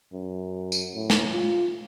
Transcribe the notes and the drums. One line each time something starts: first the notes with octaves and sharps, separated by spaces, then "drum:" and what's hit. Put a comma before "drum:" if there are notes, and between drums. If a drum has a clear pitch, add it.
F#2
drum: tambourine
A2
drum: snare
F4